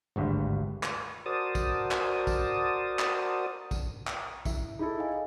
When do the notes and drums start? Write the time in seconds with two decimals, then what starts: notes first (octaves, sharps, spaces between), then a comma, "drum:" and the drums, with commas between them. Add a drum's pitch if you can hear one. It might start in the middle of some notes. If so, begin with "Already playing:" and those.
0.16 G#1 D2 G2
0.83 drum: clap
1.26 F#4 A#4 C5 D5 A5 D#6
1.55 drum: kick, tambourine
1.91 drum: clap
2.27 drum: kick, tambourine
2.99 drum: clap
3.71 drum: kick, tambourine
4.07 drum: clap
4.45 E4 E5, drum: kick, tambourine
4.79 D#4 E4 G#4 A4
4.98 D#5 F5 G#5